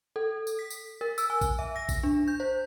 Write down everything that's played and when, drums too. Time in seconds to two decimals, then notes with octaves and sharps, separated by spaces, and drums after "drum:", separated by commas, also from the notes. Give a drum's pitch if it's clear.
0.16 A4
0.47 drum: tambourine
0.59 B6
0.70 drum: tambourine
1.01 A#4
1.18 E6, drum: tambourine
1.30 G#5
1.41 drum: kick, tambourine
1.59 E5
1.76 A#6
1.89 drum: kick, tambourine
2.03 D4
2.28 G6
2.40 C5